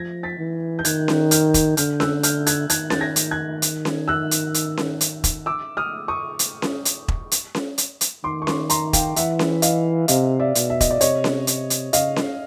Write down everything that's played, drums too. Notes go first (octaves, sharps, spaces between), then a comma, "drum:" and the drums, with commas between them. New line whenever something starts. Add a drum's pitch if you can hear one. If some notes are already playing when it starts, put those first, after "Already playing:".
Already playing: F3 G#6 A#6
A6 B6
E3
G6
D#3 F#6 G#6, drum: hi-hat
drum: snare C#4
F6 G6, drum: hi-hat
drum: kick E1, hi-hat
D3 F6 G6, drum: hi-hat
E6 F#6, drum: snare C#4
F6 G6, drum: hi-hat
F#6 G#6, drum: hi-hat
D#3 F#6 G#6, drum: hi-hat
A6, drum: snare C#4
G#6 A#6
drum: hi-hat
F#6 G#6
drum: hi-hat
drum: snare C#4
E6 F#6
drum: hi-hat
drum: hi-hat
drum: snare C#4
drum: hi-hat
drum: kick E1, hi-hat
D6 E6
D#6 F6
C#6 D#6
drum: hi-hat
drum: snare C#4
drum: hi-hat
drum: kick E1
drum: hi-hat
drum: snare C#4
drum: hi-hat
drum: hi-hat
D#3 C6 D6
C#6
C6 D6, drum: snare C#4
A#5 C6, drum: hi-hat
F5 G5, drum: kick E1, hi-hat
E3 E5 F#5, drum: hi-hat
drum: snare C#4
D#5 F5, drum: hi-hat
C3 D#5 F5, drum: hi-hat
D5 E5
B2, drum: hi-hat
E5
D#5, drum: kick E1, hi-hat
D5
C3 C#5 D#5, drum: hi-hat
drum: snare C#4
drum: hi-hat
drum: hi-hat
C#3 D#5 F5, drum: hi-hat
drum: snare C#4